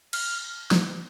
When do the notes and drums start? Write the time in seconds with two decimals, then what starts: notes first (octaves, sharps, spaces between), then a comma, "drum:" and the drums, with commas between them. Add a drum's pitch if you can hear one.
0.13 F6, drum: cymbal
0.71 drum: snare